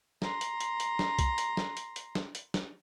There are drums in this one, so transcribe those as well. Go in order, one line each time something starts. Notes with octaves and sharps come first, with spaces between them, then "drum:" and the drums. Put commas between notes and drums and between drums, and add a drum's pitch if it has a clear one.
A#5 C6, drum: snare
drum: hi-hat
drum: hi-hat
drum: hi-hat
drum: snare
drum: kick B1, hi-hat
drum: hi-hat
drum: snare
drum: hi-hat
drum: hi-hat
drum: snare
drum: hi-hat
drum: snare